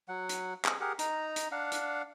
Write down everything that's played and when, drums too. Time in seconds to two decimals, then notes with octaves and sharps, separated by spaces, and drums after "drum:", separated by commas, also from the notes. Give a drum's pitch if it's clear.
0.08 F#3 F#5
0.29 drum: hi-hat
0.65 G#4, drum: clap
0.81 G4 G#4 A#4 F#5
0.99 D#4 A#5, drum: hi-hat
1.36 drum: hi-hat
1.51 D4 F5 F#5
1.72 drum: hi-hat